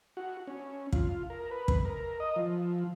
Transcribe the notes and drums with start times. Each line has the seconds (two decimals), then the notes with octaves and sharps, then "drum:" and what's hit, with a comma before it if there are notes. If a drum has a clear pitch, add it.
0.17 F#4
0.47 C#4
0.92 F4, drum: kick
1.30 A#4
1.51 B4
1.68 drum: kick
1.85 A#4
2.20 D#5
2.36 F3